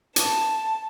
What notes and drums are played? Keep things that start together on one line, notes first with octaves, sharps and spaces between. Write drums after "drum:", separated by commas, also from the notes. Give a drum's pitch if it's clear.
A5, drum: hi-hat